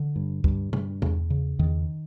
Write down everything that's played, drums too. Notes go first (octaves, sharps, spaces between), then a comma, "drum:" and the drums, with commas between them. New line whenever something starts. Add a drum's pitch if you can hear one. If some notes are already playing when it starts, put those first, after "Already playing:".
Already playing: D3
G2
G2, drum: kick C#2
G2, drum: tom
E2, drum: tom
C#3
E2 D#3